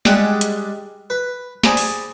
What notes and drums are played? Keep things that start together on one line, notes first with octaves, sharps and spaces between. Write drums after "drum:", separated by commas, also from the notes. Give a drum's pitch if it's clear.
G3 G#3 D4 G4 G#4 F#5, drum: snare
drum: hi-hat
B4
G#4 C5 D5 G#5 A#5 B5, drum: snare
drum: open hi-hat